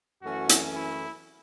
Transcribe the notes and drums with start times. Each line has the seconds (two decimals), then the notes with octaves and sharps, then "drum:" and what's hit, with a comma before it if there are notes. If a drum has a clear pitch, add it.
0.22 F#2 E3 A3 C#4 F#4
0.49 drum: hi-hat
0.74 E4